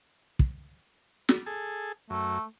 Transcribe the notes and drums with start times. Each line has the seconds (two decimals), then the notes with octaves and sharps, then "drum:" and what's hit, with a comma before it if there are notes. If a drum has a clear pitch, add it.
0.39 drum: kick
1.29 drum: snare
1.46 G#4 A4
2.10 F#2 A3